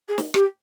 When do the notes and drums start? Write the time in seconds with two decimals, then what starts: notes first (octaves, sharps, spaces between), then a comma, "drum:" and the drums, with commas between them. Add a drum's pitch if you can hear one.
0.08 G#4
0.18 drum: snare
0.34 G4, drum: rim click